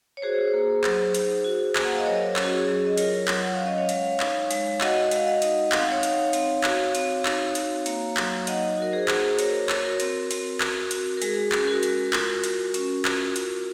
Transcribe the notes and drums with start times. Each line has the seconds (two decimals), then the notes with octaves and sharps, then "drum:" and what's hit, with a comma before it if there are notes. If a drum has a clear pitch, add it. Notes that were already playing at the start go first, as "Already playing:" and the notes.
0.17 C#5
0.22 F#4 G#4 C5
0.53 A#3
0.84 F#3, drum: clap
1.14 D#4, drum: hi-hat
1.45 F#4
1.76 A#3 G#5, drum: clap
1.84 F#5
1.92 F5
1.98 D#5
2.06 F#3 A#4 C#5
2.36 C#4, drum: clap
2.43 F#4
2.52 G#4
2.67 F#3
2.86 D#5
2.97 F4 A#4 C#5, drum: hi-hat
3.28 F#3, drum: clap
3.43 F#5
3.54 C#4 F5
3.67 D#5
3.78 C#5 F5
3.89 G#3, drum: hi-hat
4.20 D#4, drum: clap
4.51 G#3, drum: hi-hat
4.81 F#4 D#5 F#5, drum: clap
5.11 G#3 F5, drum: hi-hat
5.26 D#5 F#5
5.42 D#4, drum: hi-hat
5.72 C4 F5, drum: clap
5.82 F#5
5.90 C#5 F5
6.03 D#4, drum: hi-hat
6.33 C4, drum: hi-hat
6.64 F#4, drum: clap
6.95 C4, drum: hi-hat
7.26 D#4, drum: clap
7.55 F#4, drum: hi-hat
7.86 A#3, drum: hi-hat
8.17 F#3, drum: clap
8.47 D#4 D#5 F#5, drum: hi-hat
8.78 F#4 A#4
8.93 G#4 C5
9.08 A#3, drum: clap
9.39 F#4 A#4 C#5, drum: hi-hat
9.69 F#4, drum: clap
9.85 F#4 A#4
10.00 C4, drum: hi-hat
10.31 C4, drum: hi-hat
10.61 F#4, drum: clap
10.91 F#4, drum: hi-hat
11.17 A#4
11.22 G#3 G#4, drum: hi-hat
11.52 C#4, drum: clap
11.67 F#4 A#4
11.83 G#3, drum: hi-hat
12.13 F4 F#4 A#4, drum: clap
12.44 G#3, drum: hi-hat
12.74 C#4, drum: hi-hat
13.05 F4, drum: clap
13.36 F4, drum: hi-hat